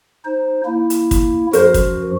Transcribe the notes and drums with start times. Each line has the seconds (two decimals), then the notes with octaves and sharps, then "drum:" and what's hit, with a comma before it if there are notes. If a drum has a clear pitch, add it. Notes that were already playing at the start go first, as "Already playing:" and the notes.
0.25 D#4 C5
0.66 A#3 E4
0.90 drum: hi-hat
1.11 drum: kick, hi-hat
1.53 F#2 F3 F#4 A#4 C5, drum: hi-hat
1.74 drum: kick, hi-hat